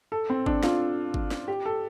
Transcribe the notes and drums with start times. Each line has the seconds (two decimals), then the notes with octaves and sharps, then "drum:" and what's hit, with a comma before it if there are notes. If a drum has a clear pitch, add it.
0.12 A4
0.30 C4
0.46 D4, drum: kick G1
0.63 F4, drum: snare
1.14 drum: kick G1
1.31 drum: snare
1.48 G4
1.65 A4